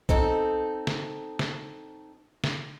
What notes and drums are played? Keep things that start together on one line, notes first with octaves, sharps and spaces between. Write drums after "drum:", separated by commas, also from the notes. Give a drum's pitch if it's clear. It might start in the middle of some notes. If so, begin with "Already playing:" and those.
C4 D#4 A4, drum: kick B1
drum: snare
drum: snare
drum: snare